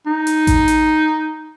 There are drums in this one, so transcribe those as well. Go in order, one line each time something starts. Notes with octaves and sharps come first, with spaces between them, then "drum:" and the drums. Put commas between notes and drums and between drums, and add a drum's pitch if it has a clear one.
D#4
drum: hi-hat
drum: kick A1, hi-hat
drum: hi-hat